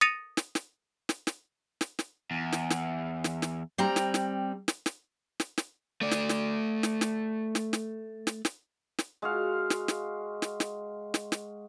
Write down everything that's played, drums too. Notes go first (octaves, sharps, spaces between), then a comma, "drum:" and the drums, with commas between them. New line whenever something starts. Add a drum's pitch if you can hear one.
D#6 A6 A#6 C#7 D#7 F7
drum: snare
drum: snare
drum: snare
drum: snare
drum: snare
drum: snare
E2
drum: snare
drum: snare
drum: snare
drum: snare
G3 C4 A#5
drum: snare
drum: snare
drum: snare
drum: snare
drum: snare
drum: snare
A3 D5
drum: snare
drum: snare
drum: snare
drum: snare
drum: snare
drum: snare
drum: snare
drum: snare
drum: snare
G#3 F#4 F5
drum: snare
drum: snare
drum: snare
drum: snare
drum: snare
drum: snare